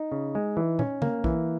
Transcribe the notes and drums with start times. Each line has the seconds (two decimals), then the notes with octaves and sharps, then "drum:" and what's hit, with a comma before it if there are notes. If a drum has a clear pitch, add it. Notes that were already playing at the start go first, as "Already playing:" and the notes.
Already playing: D#4 D#5
0.12 C#3
0.35 G#3
0.57 E3
0.79 C#4, drum: tom
1.02 A#3, drum: tom
1.24 E3, drum: kick A#1